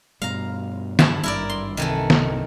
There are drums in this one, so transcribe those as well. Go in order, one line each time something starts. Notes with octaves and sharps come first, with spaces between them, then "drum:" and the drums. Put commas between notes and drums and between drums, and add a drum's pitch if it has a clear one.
G2 B2 F5 A#5
E4 A5, drum: snare
G#1 G2 E4 A#4 D5
C6
C2 G2 C3 D#3 E3 A3
drum: snare